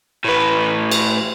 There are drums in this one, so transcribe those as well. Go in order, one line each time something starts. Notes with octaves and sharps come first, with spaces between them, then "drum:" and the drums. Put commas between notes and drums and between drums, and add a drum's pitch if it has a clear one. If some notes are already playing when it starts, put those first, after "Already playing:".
A2 B4
drum: cymbal